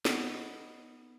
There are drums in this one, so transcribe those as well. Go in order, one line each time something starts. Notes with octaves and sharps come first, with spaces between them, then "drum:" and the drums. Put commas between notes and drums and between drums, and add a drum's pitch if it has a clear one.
B3 D#4, drum: snare